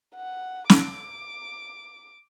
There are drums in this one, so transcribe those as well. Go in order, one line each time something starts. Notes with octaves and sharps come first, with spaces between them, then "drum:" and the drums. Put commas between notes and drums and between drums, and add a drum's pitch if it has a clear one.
F#5
D6, drum: snare